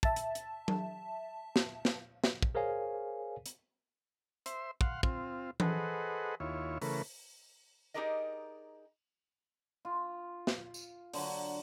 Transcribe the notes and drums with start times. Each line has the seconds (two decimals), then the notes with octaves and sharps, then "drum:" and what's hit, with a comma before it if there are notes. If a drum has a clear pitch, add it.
0.03 E5 A5, drum: kick
0.16 drum: hi-hat
0.35 drum: hi-hat
0.68 drum: tom F#3
1.56 drum: snare
1.85 drum: snare
2.24 drum: snare
2.42 drum: kick
2.55 G#4 A#4 C5 C#5 F5 G#5
3.46 drum: hi-hat
4.46 C5 E5 C6, drum: hi-hat
4.81 F5 F#5 C6, drum: kick
5.03 C4 F4, drum: kick
5.60 G#4 A4 B4 C5 D#5 F#5, drum: tom E3
6.40 D#2 E4 F4 C#5
6.82 C#3 E3 A3 A#4 B4, drum: open hi-hat
7.94 D#4 G4 G#4 A#4 D5 D#5
9.85 F4
10.47 drum: snare
10.74 drum: tambourine
11.13 D3 F#3, drum: open hi-hat